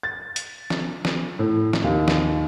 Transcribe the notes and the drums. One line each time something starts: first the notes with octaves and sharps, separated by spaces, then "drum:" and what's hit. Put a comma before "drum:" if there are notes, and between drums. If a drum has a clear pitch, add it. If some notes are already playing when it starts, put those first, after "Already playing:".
A6
drum: hi-hat
drum: snare
drum: snare
A2
drum: snare
D#2
drum: snare